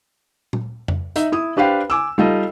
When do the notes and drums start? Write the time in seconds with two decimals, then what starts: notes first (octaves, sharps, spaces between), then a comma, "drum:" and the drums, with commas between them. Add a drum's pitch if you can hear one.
0.53 drum: tom A#2
0.88 drum: tom F2
1.16 D#4 E5, drum: hi-hat
1.32 E4 D#6
1.57 D4 G4 B4 C5 F5 G5
1.90 G#5 D6 E6
2.18 G3 D#4 F4 A4 D#5